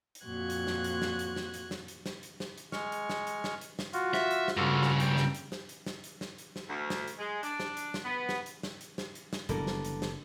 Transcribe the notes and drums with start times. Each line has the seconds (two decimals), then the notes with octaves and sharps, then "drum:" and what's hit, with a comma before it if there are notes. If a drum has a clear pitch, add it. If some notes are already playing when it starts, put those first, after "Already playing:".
0.15 drum: hi-hat
0.24 F2 A#2 F#4 F#6 G#6
0.50 drum: hi-hat
0.67 drum: snare
0.84 drum: hi-hat
1.02 drum: snare
1.19 drum: hi-hat
1.36 drum: snare
1.54 drum: hi-hat
1.71 drum: snare
1.88 drum: hi-hat
2.06 drum: snare
2.23 drum: hi-hat
2.40 drum: snare
2.58 drum: hi-hat
2.72 G#3 C#6 F6, drum: snare
2.92 drum: hi-hat
3.09 drum: snare
3.27 drum: hi-hat
3.44 drum: snare
3.61 drum: hi-hat
3.79 drum: snare
3.93 F4 F#4, drum: hi-hat
4.14 E5, drum: snare
4.31 drum: hi-hat
4.48 drum: snare
4.57 G2 C#3 F4 F#4 A4
4.83 drum: snare
5.00 G5, drum: hi-hat
5.17 drum: snare
5.35 drum: hi-hat
5.52 drum: snare
5.69 drum: hi-hat
5.86 drum: snare
6.04 drum: hi-hat
6.21 drum: snare
6.38 drum: hi-hat
6.56 drum: snare
6.68 D2
6.90 drum: snare
7.08 drum: hi-hat
7.17 G#3
7.43 D4, drum: hi-hat
7.60 drum: snare
7.77 drum: hi-hat
7.94 drum: snare
8.04 B3
8.29 drum: snare
8.46 drum: hi-hat
8.63 drum: snare
8.81 drum: hi-hat
8.98 drum: snare
9.15 drum: hi-hat
9.33 drum: snare
9.49 F#1 B2 D3 E3 G3 A#4, drum: hi-hat
9.67 drum: snare
9.85 drum: hi-hat
10.02 drum: snare